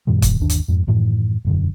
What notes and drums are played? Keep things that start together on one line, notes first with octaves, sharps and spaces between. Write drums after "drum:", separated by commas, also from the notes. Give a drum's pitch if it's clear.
F#2 A#2 D#3 G3
drum: kick, hi-hat
G1 D#2 D4
drum: hi-hat
F2 G#2
F#2 A2 D#3 E3
E1 F#2 D3